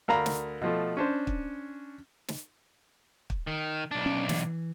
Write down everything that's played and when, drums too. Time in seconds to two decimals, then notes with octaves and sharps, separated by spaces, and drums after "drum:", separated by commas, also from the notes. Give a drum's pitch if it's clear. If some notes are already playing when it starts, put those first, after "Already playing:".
0.08 D2 A#4 F5 A#5 B5
0.26 drum: snare
0.61 B2 F3 A3
0.97 C#4 D4 C5
1.27 drum: kick
2.28 drum: snare
3.30 drum: kick
3.47 D#3
3.91 B1 D4
4.06 C#4
4.29 E3, drum: snare